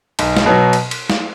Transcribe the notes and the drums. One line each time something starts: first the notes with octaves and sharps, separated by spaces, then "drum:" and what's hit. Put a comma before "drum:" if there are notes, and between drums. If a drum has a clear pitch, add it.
B1, drum: cymbal
drum: snare
B2 F#3
drum: cymbal
drum: cymbal
drum: snare